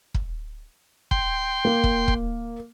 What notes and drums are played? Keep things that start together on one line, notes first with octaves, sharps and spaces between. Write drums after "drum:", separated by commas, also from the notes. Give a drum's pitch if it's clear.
drum: kick
G5 C6, drum: kick
A#3
drum: kick
drum: kick